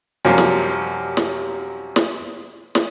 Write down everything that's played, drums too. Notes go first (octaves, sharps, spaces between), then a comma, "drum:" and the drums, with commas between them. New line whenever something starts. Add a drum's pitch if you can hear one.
F#2 C3 F3 G3 A#3
drum: snare
drum: snare
drum: snare
drum: snare